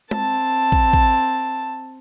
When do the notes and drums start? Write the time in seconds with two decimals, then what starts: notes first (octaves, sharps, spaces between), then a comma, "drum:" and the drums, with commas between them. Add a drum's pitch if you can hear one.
0.11 C4 A5, drum: tom G#3
0.72 drum: kick
0.93 drum: kick